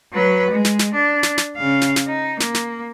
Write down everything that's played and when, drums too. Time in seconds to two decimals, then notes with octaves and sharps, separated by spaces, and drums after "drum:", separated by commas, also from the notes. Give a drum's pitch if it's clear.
0.13 F#3 B4
0.50 G#3
0.65 drum: snare
0.79 drum: snare
0.94 D4
1.23 drum: snare
1.38 drum: snare
1.56 C#3 F5
1.81 drum: snare
1.96 drum: snare
2.07 D#4
2.40 A#3, drum: snare
2.54 drum: snare